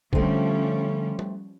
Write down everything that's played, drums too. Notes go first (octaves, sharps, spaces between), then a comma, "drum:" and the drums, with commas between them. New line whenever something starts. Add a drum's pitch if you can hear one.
D3 F3 G3 A3 C4 C#4, drum: kick
drum: tom G3